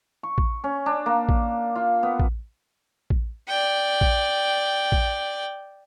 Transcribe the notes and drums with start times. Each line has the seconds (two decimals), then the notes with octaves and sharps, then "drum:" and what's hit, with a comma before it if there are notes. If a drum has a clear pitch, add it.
0.23 C#6
0.38 drum: kick A1
0.64 C#4
0.86 D4
1.06 A#3
1.29 drum: kick A1
1.75 F4
2.03 B3
2.20 drum: kick A1
3.10 drum: kick A1
3.48 D5 G5
4.01 drum: kick A1
4.92 drum: kick A1